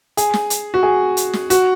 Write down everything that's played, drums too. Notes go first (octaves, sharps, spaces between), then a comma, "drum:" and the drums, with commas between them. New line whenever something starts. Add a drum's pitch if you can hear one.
G#4, drum: hi-hat
drum: snare
drum: hi-hat
F#4
G#4
drum: hi-hat
drum: snare
F#4, drum: hi-hat